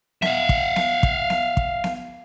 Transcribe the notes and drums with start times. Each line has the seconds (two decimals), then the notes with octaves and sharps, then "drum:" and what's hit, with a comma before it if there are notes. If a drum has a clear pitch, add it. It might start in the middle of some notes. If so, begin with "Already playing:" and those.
0.22 E5 F5, drum: snare B3
0.49 drum: kick
0.76 drum: snare B3
1.03 drum: kick
1.30 drum: snare B3
1.57 drum: kick
1.84 drum: snare B3